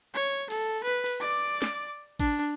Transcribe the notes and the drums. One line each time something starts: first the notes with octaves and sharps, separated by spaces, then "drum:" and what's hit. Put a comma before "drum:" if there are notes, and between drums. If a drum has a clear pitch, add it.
C#5
A4, drum: cymbal
B4
drum: cymbal
D5 D6
drum: snare
D4, drum: kick A1, cymbal